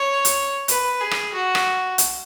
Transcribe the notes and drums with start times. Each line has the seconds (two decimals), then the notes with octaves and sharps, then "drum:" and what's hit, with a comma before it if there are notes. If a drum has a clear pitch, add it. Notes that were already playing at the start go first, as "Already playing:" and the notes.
Already playing: C#5
0.25 drum: hi-hat
0.68 B4, drum: hi-hat
1.00 G#4
1.11 drum: rim click
1.33 F#4
1.55 drum: rim click
1.98 drum: hi-hat